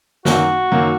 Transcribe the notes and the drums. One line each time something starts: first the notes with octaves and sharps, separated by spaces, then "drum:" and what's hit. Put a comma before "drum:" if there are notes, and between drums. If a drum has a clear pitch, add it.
F#2 D#3 F#3 A#3 F#4, drum: snare
F#2 D#3 F#3 A#3